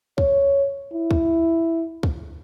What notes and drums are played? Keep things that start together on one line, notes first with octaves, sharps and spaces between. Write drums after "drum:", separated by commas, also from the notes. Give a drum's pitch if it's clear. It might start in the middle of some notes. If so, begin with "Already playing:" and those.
C#5, drum: kick
E4
drum: kick
drum: kick